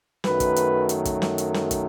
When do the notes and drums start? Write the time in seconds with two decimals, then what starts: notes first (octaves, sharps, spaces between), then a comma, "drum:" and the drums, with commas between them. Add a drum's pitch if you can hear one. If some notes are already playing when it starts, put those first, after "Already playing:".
0.24 F#2 D#3 F#3 A3 B4, drum: snare
0.40 drum: kick, hi-hat
0.56 drum: hi-hat
0.89 drum: hi-hat
1.05 drum: kick, hi-hat
1.22 drum: snare
1.38 drum: hi-hat
1.54 drum: snare
1.71 drum: kick, hi-hat